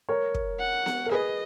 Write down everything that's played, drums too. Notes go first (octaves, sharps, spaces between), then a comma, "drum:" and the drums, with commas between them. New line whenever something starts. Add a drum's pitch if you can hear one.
A#4 C#5
drum: kick
F#5
drum: snare B3
A#4
G#4 B4 D#5